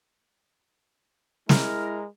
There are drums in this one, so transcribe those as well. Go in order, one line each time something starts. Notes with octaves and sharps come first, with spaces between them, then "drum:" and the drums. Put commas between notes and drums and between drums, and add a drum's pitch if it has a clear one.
G#3 E4 A#4, drum: snare